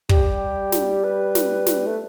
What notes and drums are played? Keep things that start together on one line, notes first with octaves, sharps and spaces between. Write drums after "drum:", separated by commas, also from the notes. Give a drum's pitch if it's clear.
G3 G4, drum: kick
drum: snare
B4
drum: snare
drum: snare
A3